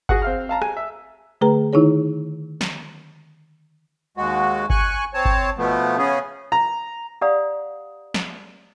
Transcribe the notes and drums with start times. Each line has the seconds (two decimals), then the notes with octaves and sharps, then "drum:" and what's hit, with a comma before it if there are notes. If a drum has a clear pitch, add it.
0.09 F#4 G#4 F#5, drum: kick G1
0.22 C4 F5 F6
0.49 F5 A5 A#5
0.62 G#5, drum: rim click
0.77 E5
1.41 D3 A3 G#4 B4 A#5
1.73 D#3 D#4 E4 G#4 C#5
2.61 drum: snare
4.17 D#2 G#3 F#4
4.70 G#5 C#6 F#6, drum: kick G1
5.14 C4 C#5 A5
5.25 drum: kick G1
5.58 B2 F3 A3 B3
5.98 C#3 B3 C#4 G#4
6.52 A#5
7.21 G4 D5 F5 F#5 A#5 D#6
8.14 drum: snare